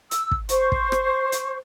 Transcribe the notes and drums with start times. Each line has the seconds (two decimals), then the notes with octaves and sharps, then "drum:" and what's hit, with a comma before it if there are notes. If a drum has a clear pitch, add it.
0.11 E6, drum: hi-hat
0.31 drum: kick
0.49 C5 C#6, drum: hi-hat
0.72 drum: kick
0.92 drum: rim click
1.32 drum: hi-hat